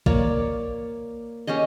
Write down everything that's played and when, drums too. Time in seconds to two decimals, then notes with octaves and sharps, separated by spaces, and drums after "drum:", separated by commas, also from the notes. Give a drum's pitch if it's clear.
0.06 A#3 C#5 D5, drum: kick A#1
1.47 C#4 G4 G#4 D#5